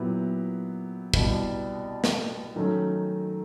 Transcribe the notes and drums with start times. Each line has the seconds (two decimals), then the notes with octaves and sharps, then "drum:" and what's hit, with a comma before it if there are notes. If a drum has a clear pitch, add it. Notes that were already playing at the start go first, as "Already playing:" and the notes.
Already playing: A#2 F#3 B3 E4 G4
1.14 C2 B2 G3, drum: kick
2.04 drum: snare
2.56 D#3 F#3 A3 C#4